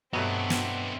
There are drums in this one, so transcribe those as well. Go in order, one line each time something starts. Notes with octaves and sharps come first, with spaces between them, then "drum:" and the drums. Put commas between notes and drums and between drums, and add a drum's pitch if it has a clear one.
G2 B2 F#3 A3 B3 C4 D4 E4
drum: snare